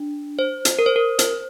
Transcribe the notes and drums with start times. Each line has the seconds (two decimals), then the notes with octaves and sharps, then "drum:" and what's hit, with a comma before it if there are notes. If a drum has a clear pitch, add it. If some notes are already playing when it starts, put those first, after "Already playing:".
Already playing: D4
0.39 C5
0.65 drum: hi-hat
0.79 A#4
0.86 C5
0.96 A#4
1.19 C5, drum: hi-hat